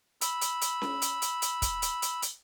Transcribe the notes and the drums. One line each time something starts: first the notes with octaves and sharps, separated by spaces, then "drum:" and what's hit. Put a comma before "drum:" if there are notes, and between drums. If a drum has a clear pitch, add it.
B5 E6, drum: hi-hat
drum: hi-hat
drum: hi-hat
drum: snare C#4
drum: hi-hat
drum: hi-hat
drum: hi-hat
drum: kick, hi-hat
drum: hi-hat
drum: hi-hat
drum: hi-hat